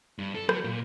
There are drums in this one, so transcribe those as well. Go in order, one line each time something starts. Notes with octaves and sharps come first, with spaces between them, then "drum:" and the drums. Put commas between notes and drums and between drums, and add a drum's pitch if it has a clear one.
G2
A4
F#3, drum: rim click
A#2